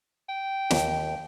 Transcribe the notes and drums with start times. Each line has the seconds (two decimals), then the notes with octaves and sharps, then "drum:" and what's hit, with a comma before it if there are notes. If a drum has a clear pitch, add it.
0.29 G5
0.71 D#2, drum: snare